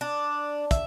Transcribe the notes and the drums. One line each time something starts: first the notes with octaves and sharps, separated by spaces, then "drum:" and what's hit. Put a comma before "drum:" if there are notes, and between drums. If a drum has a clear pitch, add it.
D4
E5, drum: kick, hi-hat